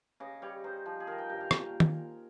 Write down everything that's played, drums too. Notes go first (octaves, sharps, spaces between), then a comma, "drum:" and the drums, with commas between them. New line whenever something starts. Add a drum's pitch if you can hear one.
C#3 D#5
G3 C#5
D#4 C5
F3
G#4
D#3 A#4
G5
G2 G5
F5
A#2, drum: rim click
drum: tom D#3